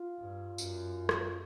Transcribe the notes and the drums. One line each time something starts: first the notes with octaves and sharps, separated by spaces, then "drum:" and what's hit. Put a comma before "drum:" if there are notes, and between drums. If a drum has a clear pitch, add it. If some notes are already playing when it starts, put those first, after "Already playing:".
Already playing: F4
G2
F#2, drum: tambourine
drum: rim click